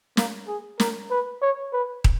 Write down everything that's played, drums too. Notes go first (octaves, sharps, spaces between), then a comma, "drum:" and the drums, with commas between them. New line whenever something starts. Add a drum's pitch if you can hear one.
A#3, drum: snare
G#4
A#4, drum: snare
B4
C#5
B4
drum: kick